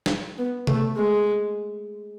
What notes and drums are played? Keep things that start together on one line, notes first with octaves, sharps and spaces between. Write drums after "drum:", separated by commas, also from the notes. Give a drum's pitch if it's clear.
drum: snare
B3
A3, drum: tom C3
G#3